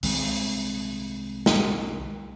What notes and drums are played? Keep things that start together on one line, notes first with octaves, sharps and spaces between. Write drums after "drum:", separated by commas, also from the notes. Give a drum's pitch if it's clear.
C2 D#3 G#3 C4, drum: open hi-hat
drum: snare